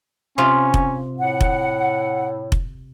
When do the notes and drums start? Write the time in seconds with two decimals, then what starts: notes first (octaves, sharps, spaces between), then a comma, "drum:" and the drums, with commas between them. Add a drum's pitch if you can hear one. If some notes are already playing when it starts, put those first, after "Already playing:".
0.38 C3 C#4 F4
0.74 drum: kick F1
1.18 A2 F#5
1.41 drum: kick F1
2.52 drum: kick F1